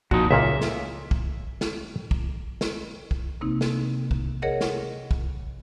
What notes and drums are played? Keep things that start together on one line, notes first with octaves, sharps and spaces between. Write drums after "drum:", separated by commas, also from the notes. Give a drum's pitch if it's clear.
A#2 F3 D#4 F#4, drum: kick
C#2 A#2 A#3 E5
drum: snare
drum: kick
drum: snare
drum: kick
drum: snare
drum: kick
C3 A#3 C4 D#4
drum: snare
drum: kick
G#4 A#4 C#5 D#5 F#5
drum: snare
drum: kick